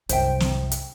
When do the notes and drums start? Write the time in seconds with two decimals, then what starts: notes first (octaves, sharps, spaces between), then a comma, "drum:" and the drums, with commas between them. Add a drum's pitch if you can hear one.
0.09 C2 F#2 C5 E5 G5, drum: hi-hat
0.40 drum: snare
0.72 drum: hi-hat